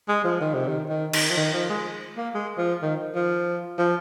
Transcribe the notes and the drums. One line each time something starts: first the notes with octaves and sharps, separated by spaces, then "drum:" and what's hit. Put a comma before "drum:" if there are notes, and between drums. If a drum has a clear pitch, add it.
G#3
F3
D#3
C3
D#3
D#3
D#3, drum: cymbal
F3
D#3
F3
G#3
A#3
G#3
F3
D#3
F3
F3